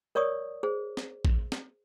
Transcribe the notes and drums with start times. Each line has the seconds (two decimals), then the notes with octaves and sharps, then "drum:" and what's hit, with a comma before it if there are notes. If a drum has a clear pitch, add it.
0.15 A#4 C#5 D5 C#6 D#6
0.63 G#4 C5
0.97 drum: snare
1.25 drum: kick
1.52 drum: snare